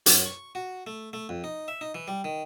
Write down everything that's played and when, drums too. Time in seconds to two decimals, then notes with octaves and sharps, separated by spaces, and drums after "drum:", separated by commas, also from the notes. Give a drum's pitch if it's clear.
0.06 F#2, drum: hi-hat
0.26 C#6
0.55 F#4
0.87 A3
1.13 A3
1.29 F2
1.44 D#4
1.68 E5
1.81 D#4
1.94 E3
2.08 G3
2.24 D#3